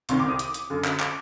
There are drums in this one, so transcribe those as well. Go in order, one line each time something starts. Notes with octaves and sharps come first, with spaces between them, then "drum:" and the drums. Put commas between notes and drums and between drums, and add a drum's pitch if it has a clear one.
C2 C3 D#3 C6, drum: hi-hat
D6
D#6
drum: hi-hat
drum: hi-hat
F#2 D3
drum: clap
D6, drum: clap